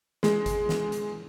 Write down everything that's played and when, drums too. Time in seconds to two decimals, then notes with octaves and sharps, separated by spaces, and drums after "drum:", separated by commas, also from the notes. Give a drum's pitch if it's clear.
0.23 G#3, drum: snare
0.46 drum: kick G1, hi-hat
0.69 drum: snare
0.92 drum: hi-hat